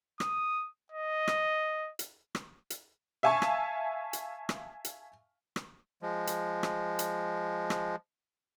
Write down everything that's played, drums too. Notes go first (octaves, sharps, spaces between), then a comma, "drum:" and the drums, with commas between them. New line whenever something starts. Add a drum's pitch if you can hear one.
D#6, drum: rim click
D#5
drum: rim click
drum: hi-hat
drum: rim click
drum: hi-hat
E5 F5 G#5 A5 C#6
drum: rim click
drum: hi-hat
drum: rim click
drum: hi-hat
drum: rim click
F3 G#3
drum: hi-hat
drum: rim click
drum: hi-hat
drum: rim click